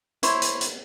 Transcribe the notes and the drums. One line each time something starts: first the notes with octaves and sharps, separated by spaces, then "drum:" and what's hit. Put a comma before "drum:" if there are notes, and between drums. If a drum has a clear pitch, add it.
E4 C5 C#5, drum: hi-hat
drum: hi-hat
drum: hi-hat